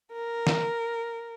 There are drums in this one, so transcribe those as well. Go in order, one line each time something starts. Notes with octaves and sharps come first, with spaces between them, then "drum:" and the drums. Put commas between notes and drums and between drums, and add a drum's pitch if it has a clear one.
A#4
drum: snare